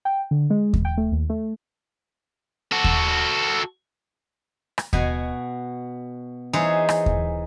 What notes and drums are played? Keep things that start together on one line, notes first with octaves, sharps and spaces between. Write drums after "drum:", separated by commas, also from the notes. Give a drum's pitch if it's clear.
G5
D3
G#3
drum: kick D#2
G5
A3
D#2
A3
F#4 A4
drum: kick D#2
drum: rim click
B2 F#4 G#5, drum: kick D#2
E3 D#4 G#4 C5 C#5
drum: rim click
drum: kick D#2